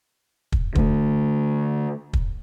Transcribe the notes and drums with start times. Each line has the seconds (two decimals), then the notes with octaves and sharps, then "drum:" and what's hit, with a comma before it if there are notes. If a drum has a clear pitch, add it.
0.52 drum: kick
0.75 D3 A3, drum: kick
2.13 drum: kick